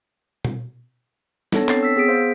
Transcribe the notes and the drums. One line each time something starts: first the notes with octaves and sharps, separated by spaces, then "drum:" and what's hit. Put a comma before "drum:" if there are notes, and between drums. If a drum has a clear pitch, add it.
drum: tom B2
B3 D4 A4 C#5 A5 A#6, drum: snare
C4 C#5 A6 C7, drum: clap
E6 B6
B3 G#4 B6 D7
C5 F5